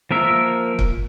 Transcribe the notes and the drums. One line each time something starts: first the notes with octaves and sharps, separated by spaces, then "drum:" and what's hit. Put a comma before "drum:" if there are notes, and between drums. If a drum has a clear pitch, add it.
F3 A#3 A#4 E5
drum: kick